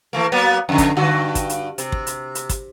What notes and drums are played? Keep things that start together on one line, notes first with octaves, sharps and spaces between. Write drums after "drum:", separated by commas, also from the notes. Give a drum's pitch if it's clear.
E3 A3 A#3
F#3 A#3 B3
F2 D3
drum: kick, hi-hat
G2 D3 F#4
drum: kick, hi-hat
drum: hi-hat
C3, drum: hi-hat
drum: kick
drum: hi-hat
drum: hi-hat
drum: kick, hi-hat